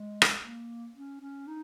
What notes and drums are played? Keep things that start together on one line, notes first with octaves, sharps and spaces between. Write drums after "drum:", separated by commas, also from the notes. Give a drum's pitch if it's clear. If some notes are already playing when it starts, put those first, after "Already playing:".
Already playing: G#3
drum: rim click
A#3
C#4
C#4
D#4